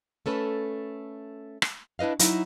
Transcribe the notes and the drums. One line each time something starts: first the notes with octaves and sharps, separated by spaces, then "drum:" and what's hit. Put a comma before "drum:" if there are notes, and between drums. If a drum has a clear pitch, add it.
A3 C#4 A4 B4
drum: rim click
D4 E4 B4 D#5 F5
F#3 D#4 E4, drum: hi-hat